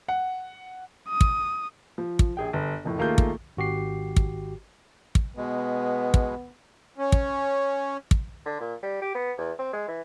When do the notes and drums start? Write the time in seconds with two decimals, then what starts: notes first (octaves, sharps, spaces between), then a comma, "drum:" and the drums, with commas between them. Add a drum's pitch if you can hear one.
0.08 F#5
1.08 D#6
1.21 drum: kick
1.98 F3
2.19 drum: kick
2.37 A#1 G#4 G5
2.53 G1
2.84 F#1 F2 A2
2.98 D#2 A3 A#3 F4 G#4 G6
3.18 drum: kick
3.57 G#1 F#4 G4 C7
4.16 drum: kick
5.15 drum: kick
5.37 B2 G#3 B3
6.14 drum: kick
6.98 C#4
7.12 drum: kick
8.11 drum: kick
8.46 D3
8.60 A#2
8.83 G3
9.02 G4
9.15 B3
9.38 E2
9.59 C4
9.73 G#3
9.88 E3